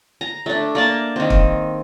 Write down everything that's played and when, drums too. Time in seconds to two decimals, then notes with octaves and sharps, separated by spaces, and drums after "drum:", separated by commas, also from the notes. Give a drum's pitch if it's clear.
0.21 A#5
0.46 A3 D4
0.75 A#3 D5 A5
1.16 D#3 C4
1.30 drum: kick